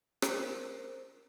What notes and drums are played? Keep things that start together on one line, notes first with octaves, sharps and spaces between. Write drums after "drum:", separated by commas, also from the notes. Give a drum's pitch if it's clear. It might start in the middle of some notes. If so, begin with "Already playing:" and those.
A#4 C5, drum: rim click